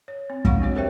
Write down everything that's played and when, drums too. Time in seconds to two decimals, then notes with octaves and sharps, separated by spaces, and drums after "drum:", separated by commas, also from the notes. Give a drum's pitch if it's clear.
0.08 C#5
0.30 C4
0.45 G#3 D4 F5 F#5 C#6, drum: kick
0.61 F#3 C4 F#4 C#5
0.75 G4 A#4 C5 C#5 E5 G5